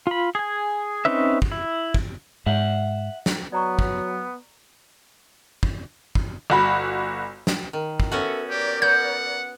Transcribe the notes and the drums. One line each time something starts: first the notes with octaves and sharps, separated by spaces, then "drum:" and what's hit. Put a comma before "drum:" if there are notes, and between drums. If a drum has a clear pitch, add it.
F4 B5
G#4 G#5
C4 C#4 D#4 B4 E5
drum: kick
E4
drum: kick
G#2 E5 F#5
drum: snare
F#3 B3 D5 A#5 C#6
drum: kick
drum: kick
drum: kick
G1 F#4 B5
drum: snare
D#3
drum: kick
B3 C#4 F#4 A4 E5
G4 A#4 D5
B3 F#5 G6